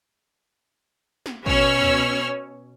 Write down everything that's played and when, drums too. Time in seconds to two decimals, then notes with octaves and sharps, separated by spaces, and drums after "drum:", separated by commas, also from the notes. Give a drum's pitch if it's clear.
1.26 drum: snare
1.46 B2 C#4 C#5 E6 F6, drum: kick
1.82 drum: tom